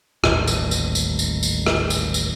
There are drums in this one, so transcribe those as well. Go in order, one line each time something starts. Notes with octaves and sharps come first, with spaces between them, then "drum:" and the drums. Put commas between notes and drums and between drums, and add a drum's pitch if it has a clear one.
D#1 A1, drum: rim click
drum: tambourine
drum: tambourine
drum: tambourine
drum: tambourine
drum: tambourine
drum: rim click
drum: tambourine
drum: tambourine